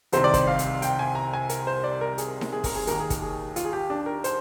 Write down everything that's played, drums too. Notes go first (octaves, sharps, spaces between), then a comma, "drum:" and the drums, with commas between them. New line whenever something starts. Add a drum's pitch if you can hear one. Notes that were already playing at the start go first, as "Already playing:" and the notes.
C2 C3 D#3 C5, drum: hi-hat
D5
C5, drum: kick, hi-hat
F5
drum: hi-hat
G5, drum: hi-hat
G#5
A#5
G#5
A#4, drum: hi-hat
C5
D5
A#4
G#4, drum: hi-hat
drum: snare D#4
G#4
A#4, drum: kick, open hi-hat
G#4
D#2 D#3 A#4, drum: hi-hat
G#4
A#4, drum: kick, hi-hat
G#4
F4, drum: hi-hat
G#4
G4
D4
A#4
C5, drum: hi-hat